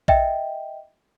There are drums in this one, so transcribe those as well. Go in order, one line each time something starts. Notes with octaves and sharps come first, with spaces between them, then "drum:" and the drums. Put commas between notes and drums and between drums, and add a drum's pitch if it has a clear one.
D#5 E5 G5, drum: kick A#1